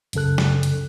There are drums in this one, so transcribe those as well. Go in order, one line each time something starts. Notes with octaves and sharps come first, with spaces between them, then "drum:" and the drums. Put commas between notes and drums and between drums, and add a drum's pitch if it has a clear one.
C2 F#2 C#3 A4 F#6, drum: hi-hat
drum: snare
drum: hi-hat